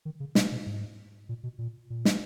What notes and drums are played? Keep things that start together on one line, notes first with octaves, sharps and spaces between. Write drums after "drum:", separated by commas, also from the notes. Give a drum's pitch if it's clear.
D#3
C#3
B2, drum: snare
B2
G#2
A#2
B2
A#2
A#2
drum: snare